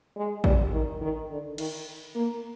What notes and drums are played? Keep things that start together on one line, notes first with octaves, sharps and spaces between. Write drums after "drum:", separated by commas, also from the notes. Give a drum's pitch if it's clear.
G#3
G3, drum: kick
D#3
D#3
D3
D#3, drum: cymbal
A#3